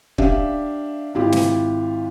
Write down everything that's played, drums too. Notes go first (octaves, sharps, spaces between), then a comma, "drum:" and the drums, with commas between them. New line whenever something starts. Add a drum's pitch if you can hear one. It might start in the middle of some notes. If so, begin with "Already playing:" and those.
D4 G4 E5 F5, drum: kick
G#1 E4 F4 G4
drum: snare